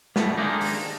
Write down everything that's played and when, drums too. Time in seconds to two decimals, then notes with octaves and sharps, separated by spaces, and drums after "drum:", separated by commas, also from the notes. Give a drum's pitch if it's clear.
0.16 C#2 F#2 B2 G3 A3, drum: snare
0.37 D#3 F3 G#3 A#3 D4 D#4
0.61 drum: open hi-hat